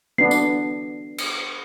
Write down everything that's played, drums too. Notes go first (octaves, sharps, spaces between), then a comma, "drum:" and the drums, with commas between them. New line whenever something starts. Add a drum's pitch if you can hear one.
B3 D4 C7
drum: tambourine
drum: cymbal